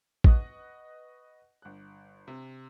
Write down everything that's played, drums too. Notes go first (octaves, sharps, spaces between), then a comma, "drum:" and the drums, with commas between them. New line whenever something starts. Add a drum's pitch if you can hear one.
B4 D#5 F#5 C#6 D#6 F#6, drum: kick A1
G1 F#6
C3